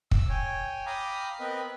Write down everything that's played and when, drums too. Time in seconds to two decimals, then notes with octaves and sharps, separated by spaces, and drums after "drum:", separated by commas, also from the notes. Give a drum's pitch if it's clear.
0.11 E6, drum: kick
0.29 C#5 G5 G#5
0.86 F5 G5 A#5 B5 D6 D#6
1.40 B3 C4 A#4 B4 D#5 B5